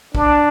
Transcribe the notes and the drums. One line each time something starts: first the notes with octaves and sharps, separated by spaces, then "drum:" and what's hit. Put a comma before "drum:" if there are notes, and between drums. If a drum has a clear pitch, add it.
D4, drum: kick